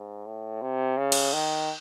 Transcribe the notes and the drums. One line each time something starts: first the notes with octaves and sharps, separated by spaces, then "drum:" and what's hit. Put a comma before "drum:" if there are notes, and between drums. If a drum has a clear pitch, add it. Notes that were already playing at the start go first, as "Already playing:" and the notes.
Already playing: G#2
A2
C3
C#3
drum: cymbal
D#3